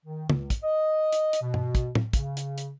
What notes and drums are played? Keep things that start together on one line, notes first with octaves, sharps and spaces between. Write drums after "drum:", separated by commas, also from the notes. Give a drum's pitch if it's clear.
D#3
C#2, drum: tom
drum: kick, hi-hat
D#5
drum: hi-hat
drum: hi-hat
B2
drum: tom
drum: kick, hi-hat
drum: tom
C#3, drum: kick, hi-hat
drum: hi-hat
drum: hi-hat